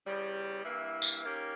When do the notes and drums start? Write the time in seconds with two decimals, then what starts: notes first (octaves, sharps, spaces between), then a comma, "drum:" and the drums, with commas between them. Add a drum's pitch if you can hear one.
0.06 E2 C#3 G3
0.64 G2 E3 A#3 E4
1.02 drum: tambourine
1.23 D#3 A#3 C#4 G4